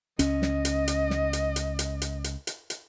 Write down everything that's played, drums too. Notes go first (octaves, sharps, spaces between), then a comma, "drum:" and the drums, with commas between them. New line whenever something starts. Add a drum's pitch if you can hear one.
C#2 C#4 D#5, drum: hi-hat
drum: snare
drum: hi-hat
drum: hi-hat
drum: snare
drum: hi-hat
drum: hi-hat
drum: hi-hat
drum: hi-hat
drum: hi-hat
drum: hi-hat
drum: hi-hat